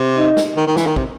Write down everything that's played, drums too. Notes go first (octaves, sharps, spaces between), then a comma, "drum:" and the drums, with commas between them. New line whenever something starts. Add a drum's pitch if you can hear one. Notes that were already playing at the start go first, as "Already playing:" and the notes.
Already playing: C3
D#4
drum: snare
D#3
D#3
E3, drum: snare
D#3
C3, drum: kick